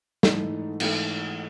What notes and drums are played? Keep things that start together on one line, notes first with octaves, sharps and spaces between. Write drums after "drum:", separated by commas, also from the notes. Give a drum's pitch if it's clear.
G#2 E3 A3 D#4 A4, drum: snare
G#2 E3 A3 D#4 A4, drum: cymbal